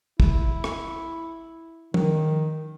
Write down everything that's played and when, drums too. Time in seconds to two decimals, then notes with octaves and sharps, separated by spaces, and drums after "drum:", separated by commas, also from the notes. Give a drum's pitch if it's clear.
0.20 E4, drum: kick
0.64 drum: rim click
1.94 D#3, drum: tom